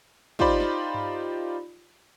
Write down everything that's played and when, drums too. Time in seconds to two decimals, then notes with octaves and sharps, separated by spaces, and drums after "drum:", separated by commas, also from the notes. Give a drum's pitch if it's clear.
0.39 D#4 F4 G4 C5 D5 B5, drum: kick
0.60 drum: snare
0.94 drum: tom G2